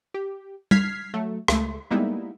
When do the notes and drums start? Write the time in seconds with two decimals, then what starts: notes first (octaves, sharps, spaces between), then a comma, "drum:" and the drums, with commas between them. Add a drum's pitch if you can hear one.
0.14 G4
0.71 F6 G#6 B6 C7, drum: tom G3
1.14 F#3 A3
1.48 C#2 A3, drum: rim click
1.91 G3 G#3 A#3 B3 D#4 E4